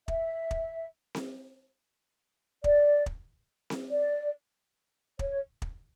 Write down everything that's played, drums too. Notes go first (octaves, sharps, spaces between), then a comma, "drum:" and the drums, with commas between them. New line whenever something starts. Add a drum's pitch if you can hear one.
E5, drum: kick
drum: kick
drum: snare C4
D5, drum: kick
drum: kick
drum: snare C4
D5
C#5, drum: kick
drum: kick